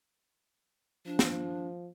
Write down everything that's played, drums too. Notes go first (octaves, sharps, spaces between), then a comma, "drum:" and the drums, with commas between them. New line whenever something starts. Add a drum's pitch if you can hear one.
F3 D4
drum: snare